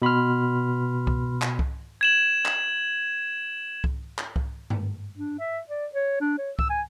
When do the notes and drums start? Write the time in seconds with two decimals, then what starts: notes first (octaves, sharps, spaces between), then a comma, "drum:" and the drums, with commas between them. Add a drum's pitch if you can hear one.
0.02 B2 B5 C6 F6
1.07 drum: kick C2
1.42 drum: clap
1.59 drum: kick C2
2.01 G#6 E7 F#7
2.46 drum: clap
3.84 drum: kick C2
4.18 drum: clap
4.36 drum: kick C2
4.70 drum: tom G2
5.18 D4
5.39 E5
5.69 D5
5.95 C#5
6.21 D4
6.38 C#5
6.59 E6, drum: kick C2
6.70 G#5